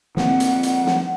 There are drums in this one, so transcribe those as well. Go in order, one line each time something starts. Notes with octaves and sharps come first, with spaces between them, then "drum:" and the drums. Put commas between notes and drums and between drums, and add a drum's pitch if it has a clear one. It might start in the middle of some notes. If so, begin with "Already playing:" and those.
F3 A#3 C4 F#5, drum: snare
drum: hi-hat
drum: hi-hat
drum: snare